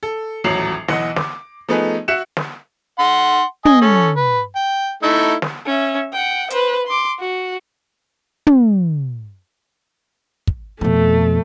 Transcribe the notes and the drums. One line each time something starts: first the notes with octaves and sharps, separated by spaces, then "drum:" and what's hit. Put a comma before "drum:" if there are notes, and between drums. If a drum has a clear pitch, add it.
A4
D#1 A1 F#3 C7 F7 F#7
B1 E3 D#5 F#5, drum: snare
D6, drum: snare
F3 A3 B3 D#4 G#4 B4
F#4 E5 F#6 C#7 E7
drum: snare
F#5 C6
D#5 G#5 D#6, drum: tom
C#4 A4
B4
G5
A3 D#4 E4
drum: snare
C#4 E5
F#5 G5
B4 C5, drum: hi-hat
C6 D6
F#4
drum: tom
drum: kick
F2 B2 A3